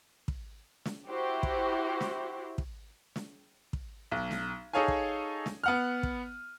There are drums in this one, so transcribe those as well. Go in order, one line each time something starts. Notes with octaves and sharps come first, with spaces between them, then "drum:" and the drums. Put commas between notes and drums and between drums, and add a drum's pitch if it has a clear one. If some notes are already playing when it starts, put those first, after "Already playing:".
drum: kick
drum: snare
E4 F#4 G4 C5
drum: kick
drum: snare
drum: kick
drum: snare
drum: kick
B1
drum: snare
D#4 G#4 A4 C#5 F5 G#5
drum: kick
drum: snare
B3 F#5 F6
drum: kick